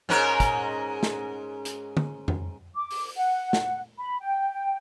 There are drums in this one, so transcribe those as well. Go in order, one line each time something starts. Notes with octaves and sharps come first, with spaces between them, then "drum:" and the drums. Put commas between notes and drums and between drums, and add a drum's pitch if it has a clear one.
G#2 C#4 A#4
drum: kick, hi-hat
drum: snare
drum: hi-hat
drum: tom D3
drum: tom F2
D6
drum: open hi-hat
F#5
drum: snare
B5
G5